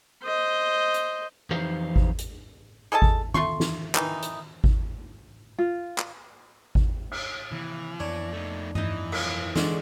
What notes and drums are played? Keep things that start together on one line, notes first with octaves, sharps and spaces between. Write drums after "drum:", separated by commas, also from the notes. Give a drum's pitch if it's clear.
C5 D#5
drum: hi-hat
F2 E3 D#4 G4 C5 F5
drum: kick G#1
drum: hi-hat
G#4 A4 D#5 A5
drum: kick G#1
A3 F4 C6 C#6, drum: tom D#3
drum: snare
D#3 E3 D#4, drum: clap
drum: hi-hat
drum: kick G#1
F4
drum: clap
drum: kick G#1
drum: cymbal
C3 D#3 E3 A#3
F2 A#3 B3 D4 C#5
A3 D#4
E3 D#4 D#5, drum: tom G2
B1 F3 A#4, drum: cymbal
D3 G#3 C#4 C5 D5, drum: snare